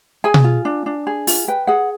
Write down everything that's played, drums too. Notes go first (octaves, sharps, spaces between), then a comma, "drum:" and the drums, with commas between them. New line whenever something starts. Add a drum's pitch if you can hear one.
G#4 G#5
drum: tom B2
F4
D4
D4
G#4
F4, drum: open hi-hat
B4 G5
G#4 F#5